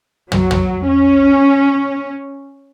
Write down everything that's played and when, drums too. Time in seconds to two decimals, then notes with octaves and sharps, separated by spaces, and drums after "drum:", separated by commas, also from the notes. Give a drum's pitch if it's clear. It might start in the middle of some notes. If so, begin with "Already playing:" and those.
0.32 F#3, drum: tom
0.51 drum: tom
0.88 C#4